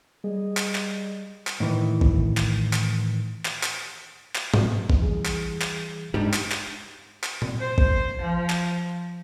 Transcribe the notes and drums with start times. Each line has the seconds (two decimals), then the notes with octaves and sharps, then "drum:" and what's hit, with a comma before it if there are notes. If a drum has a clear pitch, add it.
0.24 G3 G#4 D#5
0.57 drum: clap
0.75 drum: clap
1.47 drum: clap
1.60 A2 D#3 E3
2.01 drum: kick
2.37 drum: clap
2.73 drum: clap
3.45 drum: clap
3.63 drum: clap
4.36 drum: clap
4.54 drum: tom
4.90 drum: kick
4.99 E3 G3 G#4
5.26 drum: clap
5.62 drum: clap
6.14 G#2 G3 D4
6.34 drum: clap
6.52 drum: clap
7.24 drum: clap
7.42 drum: tom A#2
7.60 C5
7.78 drum: kick
8.22 F3
8.50 drum: clap